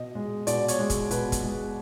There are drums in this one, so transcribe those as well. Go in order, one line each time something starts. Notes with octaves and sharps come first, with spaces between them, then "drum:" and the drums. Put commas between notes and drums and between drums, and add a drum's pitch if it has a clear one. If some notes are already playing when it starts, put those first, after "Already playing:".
Already playing: B2 D#5
G#3
B2 D5, drum: hi-hat
C#5, drum: hi-hat
G#3
drum: kick, hi-hat
B2 B4, drum: hi-hat
drum: kick, hi-hat
G#3